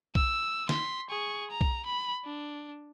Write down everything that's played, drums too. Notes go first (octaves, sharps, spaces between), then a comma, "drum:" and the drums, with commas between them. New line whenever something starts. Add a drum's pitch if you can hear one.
E6, drum: kick B1
C6 B6, drum: snare
G#4 C#6
A#5
drum: kick B1
B5
D4